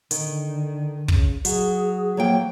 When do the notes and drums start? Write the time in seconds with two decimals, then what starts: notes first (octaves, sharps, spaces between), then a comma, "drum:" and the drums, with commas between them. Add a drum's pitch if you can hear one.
0.11 D3 D#3, drum: hi-hat
1.08 C#3, drum: kick
1.45 F#3 G#4, drum: hi-hat
2.17 F3 F#3 A#3 G5